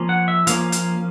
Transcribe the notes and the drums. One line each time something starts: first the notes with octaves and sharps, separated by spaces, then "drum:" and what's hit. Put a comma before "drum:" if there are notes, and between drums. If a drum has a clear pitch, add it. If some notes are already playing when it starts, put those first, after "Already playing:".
Already playing: F3 A#3 C#4
F#5
E5
F3 A#3 C#4 F5, drum: hi-hat
F5, drum: hi-hat